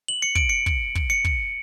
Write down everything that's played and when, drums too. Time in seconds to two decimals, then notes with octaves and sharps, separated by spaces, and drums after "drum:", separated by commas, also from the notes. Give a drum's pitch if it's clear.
0.08 F#7
0.22 C#7
0.35 D7, drum: kick
0.49 C#7
0.66 drum: kick
0.95 drum: kick
1.10 C#7
1.25 drum: kick